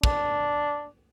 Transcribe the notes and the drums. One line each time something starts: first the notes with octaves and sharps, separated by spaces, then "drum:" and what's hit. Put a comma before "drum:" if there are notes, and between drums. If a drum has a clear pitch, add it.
D4, drum: kick